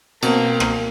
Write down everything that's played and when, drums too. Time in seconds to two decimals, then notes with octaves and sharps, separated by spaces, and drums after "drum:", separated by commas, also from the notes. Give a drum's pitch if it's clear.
0.23 B2 A#3 C4, drum: cymbal
0.60 drum: rim click